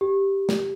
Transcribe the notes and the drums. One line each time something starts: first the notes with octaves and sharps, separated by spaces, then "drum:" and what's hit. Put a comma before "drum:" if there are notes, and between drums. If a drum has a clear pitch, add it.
G4
drum: snare